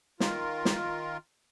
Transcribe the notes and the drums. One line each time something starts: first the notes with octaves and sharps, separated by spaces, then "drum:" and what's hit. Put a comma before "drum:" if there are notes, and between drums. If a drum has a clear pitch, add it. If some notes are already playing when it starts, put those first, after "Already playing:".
D#3 F4 A#4, drum: snare
drum: snare